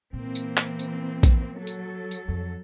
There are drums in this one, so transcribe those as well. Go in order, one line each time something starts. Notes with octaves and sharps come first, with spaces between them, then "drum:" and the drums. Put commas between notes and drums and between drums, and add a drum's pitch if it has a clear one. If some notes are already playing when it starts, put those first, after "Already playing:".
A#2 E3 A#3 C4
drum: tambourine
drum: clap
drum: tambourine
drum: kick A#1, tambourine
F#3 A4
drum: tambourine
drum: tambourine
F2